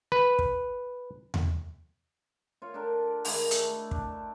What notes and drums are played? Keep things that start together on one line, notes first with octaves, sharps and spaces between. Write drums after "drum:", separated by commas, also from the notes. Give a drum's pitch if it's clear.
B4
drum: kick
drum: tom E2
F4 C#5
D4 G4 A4 A#4
D#3 G#3 D#4 E4, drum: open hi-hat
A3 D4, drum: hi-hat
D4, drum: kick